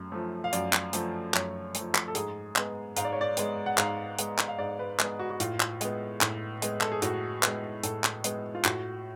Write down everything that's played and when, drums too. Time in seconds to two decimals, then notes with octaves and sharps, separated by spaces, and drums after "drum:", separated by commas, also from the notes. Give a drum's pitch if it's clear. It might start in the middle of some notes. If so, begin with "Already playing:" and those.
Already playing: F#2 A3
0.12 F3 A3
0.44 F5
0.53 F#2 D5, drum: hi-hat
0.73 drum: clap
0.93 F3 A3, drum: hi-hat
1.34 F#2 C#5, drum: clap
1.74 F3 A3, drum: hi-hat
1.95 drum: clap
2.08 A4
2.15 G#2 G#4, drum: hi-hat
2.56 G#3 B3, drum: clap
2.96 G#2 F5, drum: hi-hat
3.05 D5
3.12 C#5
3.21 D5
3.37 G#3 B3, drum: hi-hat
3.66 F#5
3.78 G#2 F5, drum: clap
4.18 G#3 B3, drum: hi-hat
4.38 drum: clap
4.48 F5
4.59 G#2 D5
4.79 B4
4.99 G#3 B3 G#4, drum: clap
5.19 F#4
5.30 F#4
5.40 A2 F4, drum: hi-hat
5.60 drum: clap
5.81 G#3 B3, drum: hi-hat
6.21 A2, drum: clap
6.62 G#3 B3, drum: hi-hat
6.81 A4, drum: clap
6.92 G#4
7.02 A2 F#4, drum: hi-hat
7.43 G#3 B3, drum: clap
7.83 A2 A4, drum: hi-hat
8.04 drum: clap
8.24 G#3 B3, drum: hi-hat
8.55 F4
8.65 A2 F#4, drum: clap